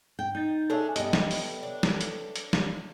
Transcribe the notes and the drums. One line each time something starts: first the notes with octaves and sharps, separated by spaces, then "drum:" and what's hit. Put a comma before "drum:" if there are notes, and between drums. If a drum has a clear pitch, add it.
G5
D#4 G6 A6
C#4 D4 G#4 A4 C#5 E5
B3 G4 D#5, drum: hi-hat
drum: snare
drum: open hi-hat
D4
drum: snare
drum: hi-hat
drum: hi-hat
drum: snare